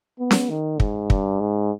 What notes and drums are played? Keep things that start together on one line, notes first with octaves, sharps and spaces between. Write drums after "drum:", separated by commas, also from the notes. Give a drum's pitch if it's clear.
B3
drum: snare C#4
D#3
G#2, drum: kick
G2, drum: kick
G#2